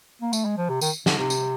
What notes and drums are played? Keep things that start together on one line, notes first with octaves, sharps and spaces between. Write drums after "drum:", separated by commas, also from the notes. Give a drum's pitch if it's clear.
A#3
A3, drum: tambourine
G#3
F3
C3
D#3, drum: tambourine
D3, drum: snare
C3
drum: tambourine